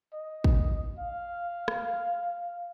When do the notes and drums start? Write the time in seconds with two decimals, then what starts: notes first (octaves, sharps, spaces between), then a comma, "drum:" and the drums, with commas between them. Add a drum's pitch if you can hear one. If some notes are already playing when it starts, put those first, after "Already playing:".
0.14 D#5
0.44 drum: kick
0.98 F5
1.68 drum: rim click